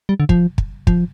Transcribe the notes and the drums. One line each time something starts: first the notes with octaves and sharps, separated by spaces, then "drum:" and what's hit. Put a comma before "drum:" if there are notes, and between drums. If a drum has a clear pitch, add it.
G3
D3
F3, drum: kick
drum: kick
F3, drum: kick